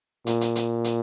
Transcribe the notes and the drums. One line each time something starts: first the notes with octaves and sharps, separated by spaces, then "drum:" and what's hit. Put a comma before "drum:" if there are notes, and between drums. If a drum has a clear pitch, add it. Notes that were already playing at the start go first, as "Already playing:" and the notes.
A#2, drum: hi-hat
drum: hi-hat
drum: hi-hat
drum: hi-hat